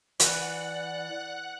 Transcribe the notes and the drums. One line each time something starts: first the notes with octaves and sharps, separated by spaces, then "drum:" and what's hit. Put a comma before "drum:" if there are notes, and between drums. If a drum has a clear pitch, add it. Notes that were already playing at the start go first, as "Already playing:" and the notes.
E3 D5 F#5 F#6, drum: hi-hat